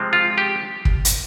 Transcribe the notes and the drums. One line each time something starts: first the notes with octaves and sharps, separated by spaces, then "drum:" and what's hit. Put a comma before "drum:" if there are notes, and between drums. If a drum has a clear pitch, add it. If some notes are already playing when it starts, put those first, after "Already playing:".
Already playing: C3 F3 G#3 C4
F4
G4
drum: kick
drum: hi-hat